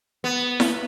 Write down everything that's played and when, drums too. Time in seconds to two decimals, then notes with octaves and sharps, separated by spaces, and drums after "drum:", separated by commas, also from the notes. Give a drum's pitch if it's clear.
0.24 B3
0.60 drum: snare E4